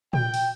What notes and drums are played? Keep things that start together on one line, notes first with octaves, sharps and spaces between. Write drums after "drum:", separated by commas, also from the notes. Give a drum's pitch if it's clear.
G5, drum: tom A#2
drum: open hi-hat